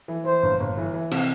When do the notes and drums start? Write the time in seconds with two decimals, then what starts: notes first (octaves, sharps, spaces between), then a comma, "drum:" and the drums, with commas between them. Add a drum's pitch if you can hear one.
0.08 E3
0.25 E3 C5
0.43 G1
0.60 G1
0.77 E3
0.94 E3
1.11 C3, drum: cymbal